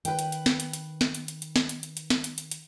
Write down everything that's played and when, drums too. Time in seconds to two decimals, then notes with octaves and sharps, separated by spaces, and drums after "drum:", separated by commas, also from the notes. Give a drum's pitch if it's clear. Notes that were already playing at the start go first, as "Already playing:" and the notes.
0.05 D#3 B4 G5, drum: hi-hat
0.19 drum: hi-hat
0.32 drum: hi-hat
0.46 drum: snare
0.60 drum: hi-hat
0.73 drum: hi-hat
1.01 drum: snare
1.15 drum: hi-hat
1.28 drum: hi-hat
1.42 drum: hi-hat
1.56 drum: snare
1.69 drum: hi-hat
1.83 drum: hi-hat
1.97 drum: hi-hat
2.10 drum: snare
2.24 drum: hi-hat
2.38 drum: hi-hat
2.51 drum: hi-hat